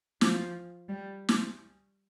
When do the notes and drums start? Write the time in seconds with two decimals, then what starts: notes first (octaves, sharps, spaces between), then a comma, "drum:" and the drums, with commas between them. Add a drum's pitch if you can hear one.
0.21 F3, drum: snare
0.88 G3
1.29 drum: snare